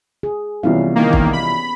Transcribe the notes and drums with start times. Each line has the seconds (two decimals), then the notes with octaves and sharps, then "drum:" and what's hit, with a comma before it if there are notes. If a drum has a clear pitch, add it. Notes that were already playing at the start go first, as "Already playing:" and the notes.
0.23 G#4
0.63 C2 E3 F3 B3 C#4 F5
0.95 D#3 A#3
1.13 drum: kick
1.33 B5